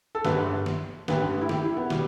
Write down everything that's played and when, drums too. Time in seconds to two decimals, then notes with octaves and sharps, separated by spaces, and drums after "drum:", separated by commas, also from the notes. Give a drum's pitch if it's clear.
0.15 A4
0.25 G1 G2 D3 B4, drum: snare
0.66 drum: snare
1.08 A1 G2 D3 B4, drum: snare
1.41 E4
1.49 G4, drum: snare
1.63 E4
1.77 B3
1.90 B2 G3, drum: snare